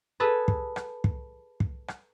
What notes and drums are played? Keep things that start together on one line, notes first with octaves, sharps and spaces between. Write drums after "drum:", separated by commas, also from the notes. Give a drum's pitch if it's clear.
G#4 A4 B4
drum: kick
drum: rim click
drum: kick
drum: kick
drum: rim click